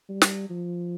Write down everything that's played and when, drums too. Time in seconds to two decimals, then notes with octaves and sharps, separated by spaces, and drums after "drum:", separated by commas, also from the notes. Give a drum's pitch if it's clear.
0.09 G3
0.22 drum: snare
0.50 F3